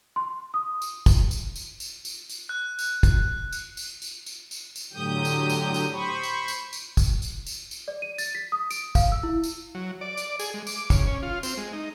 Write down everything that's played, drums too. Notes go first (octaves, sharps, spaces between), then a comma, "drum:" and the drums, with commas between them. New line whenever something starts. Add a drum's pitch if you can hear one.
C6
D#6
drum: tambourine
drum: kick, tambourine
drum: tambourine
drum: tambourine
drum: tambourine
drum: tambourine
drum: tambourine
F#6
drum: tambourine
drum: kick, tambourine
drum: tambourine
drum: tambourine
drum: tambourine
drum: tambourine
drum: tambourine
drum: tambourine
A2 D3 F#3 G4 D#6 G6
drum: tambourine
drum: tambourine
drum: tambourine
C5 B5 C#6
drum: tambourine
drum: tambourine
drum: tambourine
drum: kick, tambourine
drum: tambourine
drum: tambourine
drum: tambourine
D5
D#7
A6, drum: tambourine
B6
D#6
D7, drum: tambourine
F5, drum: kick, tambourine
E6
E4
drum: tambourine
F#3
D5
drum: tambourine
G#4, drum: tambourine
G#3
D6, drum: tambourine
C#3, drum: kick, tambourine
C#4
F4
C4, drum: tambourine
G#3
D#4